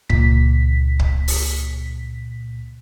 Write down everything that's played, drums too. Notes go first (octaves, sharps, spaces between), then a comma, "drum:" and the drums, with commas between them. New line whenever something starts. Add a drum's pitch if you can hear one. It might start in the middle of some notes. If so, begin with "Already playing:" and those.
C#2 A#2 B6, drum: kick C#1
drum: kick C#1
drum: open hi-hat